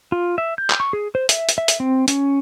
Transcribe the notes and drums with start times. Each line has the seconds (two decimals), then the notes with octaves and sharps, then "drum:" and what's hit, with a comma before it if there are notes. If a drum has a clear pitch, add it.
0.12 F4
0.38 E5
0.58 G6
0.70 drum: clap
0.80 C#6
0.93 G#4
1.15 C5
1.29 E5, drum: hi-hat
1.49 drum: hi-hat
1.58 E5
1.68 drum: hi-hat
1.80 C4
2.08 C#4, drum: hi-hat